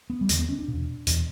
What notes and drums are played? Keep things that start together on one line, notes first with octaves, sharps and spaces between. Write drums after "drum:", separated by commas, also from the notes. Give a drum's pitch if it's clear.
B3
G3
E2 D3 A#3, drum: hi-hat
B3
C#4
D4
E2 B2
E2 B2, drum: hi-hat